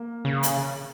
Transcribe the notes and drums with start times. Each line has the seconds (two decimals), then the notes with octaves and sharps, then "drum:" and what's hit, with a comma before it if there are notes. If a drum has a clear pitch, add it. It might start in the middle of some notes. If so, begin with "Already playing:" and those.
Already playing: A#3
0.25 C#3
0.43 drum: hi-hat